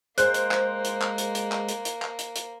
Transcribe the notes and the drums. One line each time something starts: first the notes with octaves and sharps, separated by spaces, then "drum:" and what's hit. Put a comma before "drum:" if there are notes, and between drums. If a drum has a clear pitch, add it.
G#3 A#3 C5 F#6, drum: hi-hat
drum: hi-hat
drum: clap
drum: hi-hat
drum: clap
drum: hi-hat
drum: hi-hat
drum: clap
drum: hi-hat
drum: hi-hat
drum: clap
drum: hi-hat
drum: hi-hat